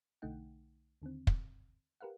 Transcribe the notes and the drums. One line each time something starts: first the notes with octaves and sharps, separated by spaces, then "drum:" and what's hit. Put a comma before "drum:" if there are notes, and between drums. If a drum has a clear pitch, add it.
B1 D3 A3 D#4 F#5 G5
D#2 D3 D#3 C4
drum: kick
G4 A#4 B4 F5 F#5